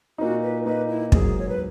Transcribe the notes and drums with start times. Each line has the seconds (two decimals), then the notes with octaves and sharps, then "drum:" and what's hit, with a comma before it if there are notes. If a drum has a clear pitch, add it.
0.18 A#2 A#3 D#4 F#4
0.42 B4
0.65 A#2 A#3 D#4 B4
0.88 E4
1.12 G#2 F#3 A#3 G#4, drum: kick
1.38 C#5
1.49 B4